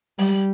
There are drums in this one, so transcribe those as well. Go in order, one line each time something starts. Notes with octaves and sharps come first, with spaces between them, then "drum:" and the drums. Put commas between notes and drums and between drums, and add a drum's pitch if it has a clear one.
G3, drum: open hi-hat